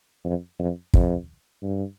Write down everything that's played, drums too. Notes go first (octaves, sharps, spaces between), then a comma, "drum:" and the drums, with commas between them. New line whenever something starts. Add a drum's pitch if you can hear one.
F2
F2
F2, drum: kick
G2